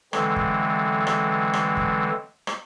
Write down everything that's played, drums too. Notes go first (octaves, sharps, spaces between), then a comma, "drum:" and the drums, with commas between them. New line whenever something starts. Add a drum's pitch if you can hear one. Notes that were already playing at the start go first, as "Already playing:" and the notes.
D3 E3 F#3 G#3 A3 C4, drum: rim click
drum: kick
drum: rim click
drum: rim click
drum: kick
drum: rim click